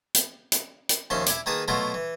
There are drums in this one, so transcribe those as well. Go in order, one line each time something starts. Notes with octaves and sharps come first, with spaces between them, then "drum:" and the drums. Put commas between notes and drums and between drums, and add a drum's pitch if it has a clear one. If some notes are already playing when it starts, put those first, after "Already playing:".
drum: hi-hat
drum: hi-hat
drum: hi-hat
D#2 F3 C#4 E5 C6
E4 G#5 D6, drum: hi-hat
D#3 A#3 G#4 B4 A5 D#6
B2 F#3 A3 E4 F4 A#5
E3